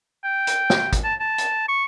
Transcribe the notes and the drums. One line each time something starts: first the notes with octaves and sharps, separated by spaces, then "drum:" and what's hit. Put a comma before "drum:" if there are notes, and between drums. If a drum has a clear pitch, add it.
G5
drum: hi-hat
drum: snare
drum: kick, hi-hat
A5
A5
drum: hi-hat
C#6